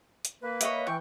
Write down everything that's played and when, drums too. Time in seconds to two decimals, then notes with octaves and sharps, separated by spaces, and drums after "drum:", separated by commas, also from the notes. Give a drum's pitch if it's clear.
0.25 drum: hi-hat
0.43 A#3 B4
0.61 C#5 D#5 E5, drum: hi-hat
0.87 E3 G5 C#6